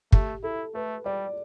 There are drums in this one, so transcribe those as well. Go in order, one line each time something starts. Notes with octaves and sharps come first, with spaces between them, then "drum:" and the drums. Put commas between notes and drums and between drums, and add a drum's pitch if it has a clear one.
A3 G4, drum: kick
E4 A4
A3 B4
G3 D5